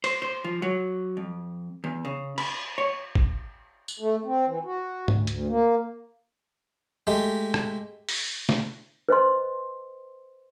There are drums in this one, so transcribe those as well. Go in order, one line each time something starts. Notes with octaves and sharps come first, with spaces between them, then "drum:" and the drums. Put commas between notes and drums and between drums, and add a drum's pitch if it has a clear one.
C5, drum: cymbal
C5
F3
F#3
F2
E2
C#3
B5, drum: cymbal
C#5
drum: kick
drum: tambourine
A3
C4
E3
F#4
D2, drum: tom G#2
D2, drum: hi-hat
A#3
G#3 A3 G4
drum: rim click
drum: open hi-hat
drum: snare
B4 C5 D#5 C6